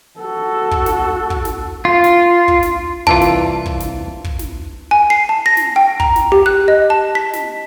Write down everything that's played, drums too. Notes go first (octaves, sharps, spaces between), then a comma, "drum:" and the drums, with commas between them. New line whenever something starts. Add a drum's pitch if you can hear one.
F#4 A4
drum: kick
drum: snare
drum: kick
drum: snare
F4
drum: snare
drum: kick
drum: snare
C2 E3 F4 A5, drum: kick
drum: snare
drum: kick
drum: snare
drum: kick
drum: snare
G#5
C7
A5
A#6
drum: snare
G5
A#5, drum: kick
drum: snare
G4
F#6
D#5
A5
B6
drum: snare